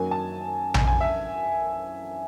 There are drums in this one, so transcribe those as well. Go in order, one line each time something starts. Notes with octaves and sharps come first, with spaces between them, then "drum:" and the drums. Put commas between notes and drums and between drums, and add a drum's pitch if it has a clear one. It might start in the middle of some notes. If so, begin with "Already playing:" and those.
Already playing: F#2 D#3 F#3 A#3 G#5
A5
G#5, drum: tom A#1
G#5
E5